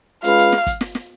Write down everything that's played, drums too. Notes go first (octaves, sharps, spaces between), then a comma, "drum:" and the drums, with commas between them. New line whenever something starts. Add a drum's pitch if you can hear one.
G#3 C#4 F4 B4 F5, drum: hi-hat
drum: hi-hat
drum: snare
drum: kick, hi-hat
drum: snare
drum: snare